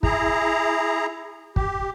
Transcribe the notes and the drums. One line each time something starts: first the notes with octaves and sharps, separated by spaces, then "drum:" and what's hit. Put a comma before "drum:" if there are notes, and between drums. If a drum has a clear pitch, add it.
E4 G#4 A#5, drum: kick
G4, drum: kick